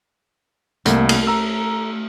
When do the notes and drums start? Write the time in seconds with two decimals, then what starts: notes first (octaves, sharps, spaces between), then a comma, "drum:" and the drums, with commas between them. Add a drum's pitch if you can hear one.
0.86 C2 A3 A#3, drum: hi-hat
1.09 drum: cymbal
1.27 A#5 E6